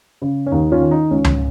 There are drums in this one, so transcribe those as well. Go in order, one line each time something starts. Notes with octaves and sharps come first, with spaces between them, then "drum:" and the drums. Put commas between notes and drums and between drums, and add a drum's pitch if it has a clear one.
C#3
C#4
D#2 D#4
C#4 F4
D#3
D#4
C#2 C#4
drum: tom C#2